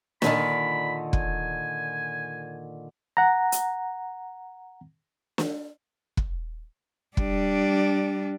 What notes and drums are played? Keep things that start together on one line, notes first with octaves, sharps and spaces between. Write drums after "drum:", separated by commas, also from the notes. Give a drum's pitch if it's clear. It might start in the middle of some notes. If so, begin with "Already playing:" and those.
A#2 D3 D#3 B5, drum: snare
G#5, drum: kick
F#5 A#5
drum: hi-hat
drum: snare
drum: kick
G3 D4, drum: kick